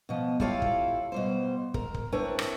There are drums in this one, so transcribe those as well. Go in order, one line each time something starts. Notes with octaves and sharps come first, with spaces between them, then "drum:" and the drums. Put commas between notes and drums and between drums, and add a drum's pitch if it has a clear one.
B2 F3
E4 F4 G4 A4 C#5 F5, drum: kick
drum: kick
B2 G3 C5
A#4, drum: kick
drum: kick
C4 D4 E4 A#4 B4 C#5
drum: rim click